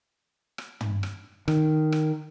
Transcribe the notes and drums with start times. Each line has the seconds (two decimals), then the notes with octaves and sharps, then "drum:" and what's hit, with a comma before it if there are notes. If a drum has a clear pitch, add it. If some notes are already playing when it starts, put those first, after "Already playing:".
0.58 drum: rim click
0.81 drum: tom
1.03 drum: rim click
1.48 D#3, drum: rim click
1.92 drum: rim click